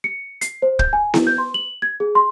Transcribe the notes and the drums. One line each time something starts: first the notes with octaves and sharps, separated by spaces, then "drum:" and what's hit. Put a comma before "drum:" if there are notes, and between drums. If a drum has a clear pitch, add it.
C#7
C7, drum: hi-hat
C5
G6, drum: kick
G#5
E4, drum: snare B3
G6
C6
F#7
G#6
G#4
C6